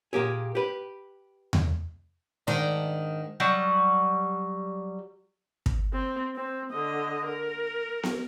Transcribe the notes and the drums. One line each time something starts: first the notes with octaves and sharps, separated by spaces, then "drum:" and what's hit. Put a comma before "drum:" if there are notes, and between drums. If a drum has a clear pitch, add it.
A#2 A#3 G4 G#4
G4 B4
drum: tom E2
G#2 D#3 D4
F#3 G3 F#5
drum: kick
C4
C4
D3 D#5
A#4
drum: snare B3